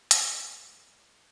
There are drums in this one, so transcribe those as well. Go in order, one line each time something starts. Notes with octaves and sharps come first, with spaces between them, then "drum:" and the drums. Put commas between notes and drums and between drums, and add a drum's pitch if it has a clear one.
G#2, drum: hi-hat